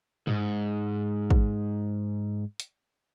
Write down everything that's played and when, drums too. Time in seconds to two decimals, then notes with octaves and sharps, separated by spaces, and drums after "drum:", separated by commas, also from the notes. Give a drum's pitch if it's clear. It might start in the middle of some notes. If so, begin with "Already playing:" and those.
0.27 G#2, drum: tom
1.30 drum: kick
2.60 drum: hi-hat